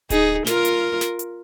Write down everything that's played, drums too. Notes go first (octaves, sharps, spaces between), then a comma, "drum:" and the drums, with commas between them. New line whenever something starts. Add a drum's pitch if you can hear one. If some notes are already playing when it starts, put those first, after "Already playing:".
D#4 G#4, drum: kick D1, hi-hat
F4 A#4, drum: snare
drum: hi-hat
drum: snare
drum: hi-hat